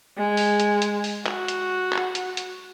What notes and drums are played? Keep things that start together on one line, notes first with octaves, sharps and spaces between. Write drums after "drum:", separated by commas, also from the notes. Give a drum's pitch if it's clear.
G#3
drum: open hi-hat
drum: hi-hat
drum: hi-hat
drum: open hi-hat
F#4, drum: clap
drum: hi-hat
drum: clap
drum: hi-hat
drum: hi-hat